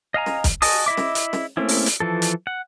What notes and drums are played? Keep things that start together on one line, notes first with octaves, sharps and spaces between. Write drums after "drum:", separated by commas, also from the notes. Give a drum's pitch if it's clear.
D#5 F5 G#5 A#5
drum: snare
drum: kick, hi-hat
F#4 D#5 G#5 A5 D#6, drum: open hi-hat
E4 D#5 E5 D6
drum: snare
drum: hi-hat
drum: snare
A3 A#3 C4 C#4 E4
drum: open hi-hat
drum: hi-hat
E3 F3 A4
drum: hi-hat
F#5